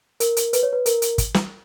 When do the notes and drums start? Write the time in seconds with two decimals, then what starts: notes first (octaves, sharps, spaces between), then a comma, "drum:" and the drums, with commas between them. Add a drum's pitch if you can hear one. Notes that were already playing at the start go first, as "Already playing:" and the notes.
0.20 A#4, drum: hi-hat
0.37 drum: hi-hat
0.53 B4, drum: hi-hat
0.63 C#5
0.73 B4
0.86 A#4, drum: hi-hat
1.02 drum: hi-hat
1.18 drum: kick, hi-hat
1.34 drum: snare